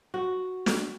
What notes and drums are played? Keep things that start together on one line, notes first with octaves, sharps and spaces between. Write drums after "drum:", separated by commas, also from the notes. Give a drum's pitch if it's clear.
F#4
drum: snare